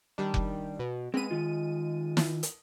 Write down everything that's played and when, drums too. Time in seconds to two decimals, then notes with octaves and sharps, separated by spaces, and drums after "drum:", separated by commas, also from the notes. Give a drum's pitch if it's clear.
0.18 D#3 G3 D4
0.34 drum: kick F1
0.79 B2
1.14 G#3 C4 B4 D#7
1.31 D#3 F4
2.17 drum: snare
2.43 drum: hi-hat